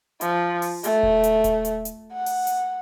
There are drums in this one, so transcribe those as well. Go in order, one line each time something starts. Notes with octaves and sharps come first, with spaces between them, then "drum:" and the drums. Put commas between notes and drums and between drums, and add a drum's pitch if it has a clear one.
F3, drum: hi-hat
drum: open hi-hat
A3, drum: hi-hat
drum: kick D#1
drum: hi-hat
drum: kick D#1, hi-hat
drum: hi-hat
drum: hi-hat
F#5
drum: open hi-hat
drum: hi-hat